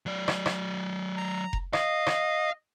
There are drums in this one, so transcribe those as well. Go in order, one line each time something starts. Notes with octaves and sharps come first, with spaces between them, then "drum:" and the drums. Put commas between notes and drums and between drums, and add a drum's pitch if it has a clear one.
F#3 D5
drum: rim click
drum: rim click
A#5
drum: kick F1
D#5 F5, drum: rim click
drum: rim click